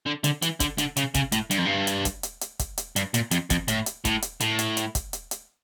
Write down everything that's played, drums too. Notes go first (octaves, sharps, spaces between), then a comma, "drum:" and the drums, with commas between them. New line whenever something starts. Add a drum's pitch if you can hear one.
D3
D3, drum: hi-hat
E3, drum: hi-hat
D3, drum: kick, hi-hat
D3, drum: hi-hat
C#3, drum: hi-hat
C#3, drum: kick, hi-hat
A2, drum: hi-hat
G2, drum: hi-hat
F2
G2
drum: hi-hat
drum: kick, hi-hat
drum: hi-hat
drum: hi-hat
drum: kick, hi-hat
drum: hi-hat
G2, drum: hi-hat
A#2, drum: hi-hat
F2, drum: hi-hat
F2, drum: kick, hi-hat
A2, drum: hi-hat
drum: hi-hat
A2, drum: kick, hi-hat
drum: hi-hat
A2, drum: hi-hat
drum: hi-hat
drum: hi-hat
drum: kick, hi-hat
drum: hi-hat
drum: hi-hat